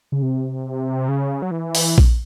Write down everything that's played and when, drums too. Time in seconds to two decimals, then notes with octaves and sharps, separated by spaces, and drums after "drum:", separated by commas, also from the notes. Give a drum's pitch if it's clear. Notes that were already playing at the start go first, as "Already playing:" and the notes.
0.12 C#3
0.22 C3
1.09 C#3
1.42 F#3
1.51 E3
1.75 drum: open hi-hat
1.98 drum: kick A#1